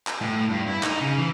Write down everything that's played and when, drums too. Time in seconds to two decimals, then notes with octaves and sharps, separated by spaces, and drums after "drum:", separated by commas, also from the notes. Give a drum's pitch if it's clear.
0.07 drum: clap
0.21 A2
0.50 G2
0.67 E4
0.83 D#4, drum: clap
1.01 C#3
1.18 E3